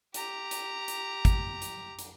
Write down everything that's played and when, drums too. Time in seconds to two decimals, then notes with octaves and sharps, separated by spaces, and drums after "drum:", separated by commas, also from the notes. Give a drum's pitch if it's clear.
0.14 G4 A#5, drum: hi-hat
0.51 drum: hi-hat
0.88 drum: hi-hat
1.25 drum: kick G#1, hi-hat
1.62 drum: hi-hat
1.99 drum: hi-hat